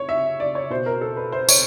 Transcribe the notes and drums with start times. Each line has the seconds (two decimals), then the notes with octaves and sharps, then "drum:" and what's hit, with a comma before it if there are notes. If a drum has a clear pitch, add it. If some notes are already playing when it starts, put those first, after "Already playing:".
Already playing: C#5
0.09 E5
0.40 D5
0.55 C#5
0.70 B2 C5
0.86 A#4
1.01 A4
1.17 B4
1.32 C5
1.49 C#5, drum: tambourine